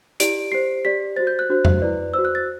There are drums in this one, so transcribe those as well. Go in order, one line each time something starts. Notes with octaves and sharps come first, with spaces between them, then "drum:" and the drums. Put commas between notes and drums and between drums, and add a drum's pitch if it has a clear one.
E4 G4 D5 D7, drum: hi-hat
G4 C5 C7
G4 D5 B6
F#4 C5 A6
G6
F#6
D4 F#4 C5
drum: tom F2
E4 B4 D5
F#4 C5 E6
F#6
A6